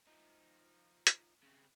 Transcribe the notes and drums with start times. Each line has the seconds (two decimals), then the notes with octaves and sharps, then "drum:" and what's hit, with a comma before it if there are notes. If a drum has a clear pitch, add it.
0.07 F3 D#4
1.07 drum: hi-hat
1.43 C#3 C4